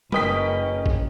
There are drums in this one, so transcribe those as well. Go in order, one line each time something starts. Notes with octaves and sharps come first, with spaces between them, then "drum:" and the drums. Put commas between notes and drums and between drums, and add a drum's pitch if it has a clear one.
F#1 C#4 A#4 B4 D#5 G5 B6, drum: tom G3
drum: kick A#1